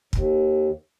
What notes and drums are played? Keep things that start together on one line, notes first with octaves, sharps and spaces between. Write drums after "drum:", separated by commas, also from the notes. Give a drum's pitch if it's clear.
D#2, drum: kick